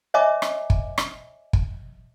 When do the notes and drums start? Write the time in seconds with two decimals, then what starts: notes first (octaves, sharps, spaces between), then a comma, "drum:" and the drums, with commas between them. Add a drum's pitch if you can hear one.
0.14 C#5 D#5 E5 G#5 A#5 D6
0.42 drum: rim click
0.70 drum: kick
0.98 drum: rim click
1.53 drum: kick